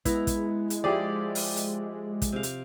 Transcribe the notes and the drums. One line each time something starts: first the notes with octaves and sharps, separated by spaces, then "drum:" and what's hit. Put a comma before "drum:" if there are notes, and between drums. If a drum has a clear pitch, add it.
G#3 B3 E4 A#5, drum: kick, hi-hat
drum: kick, hi-hat
drum: hi-hat
F3 E4 G4 G#4 D5
drum: open hi-hat
drum: hi-hat
drum: kick, hi-hat
C3 F5
drum: hi-hat